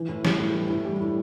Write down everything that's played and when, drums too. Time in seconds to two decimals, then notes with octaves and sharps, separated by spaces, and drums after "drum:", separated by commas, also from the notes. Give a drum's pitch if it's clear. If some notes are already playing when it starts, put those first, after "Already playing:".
Already playing: E3
0.09 A2
0.25 G3, drum: snare
0.39 A2
0.55 E3
0.70 A2
0.85 G3
1.00 A2